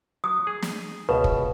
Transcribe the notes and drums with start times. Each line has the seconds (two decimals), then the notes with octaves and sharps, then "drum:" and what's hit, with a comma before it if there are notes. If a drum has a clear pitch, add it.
0.24 F#3 D#6
0.47 G#4
0.62 drum: snare
1.09 C#2 B2 B4
1.24 drum: kick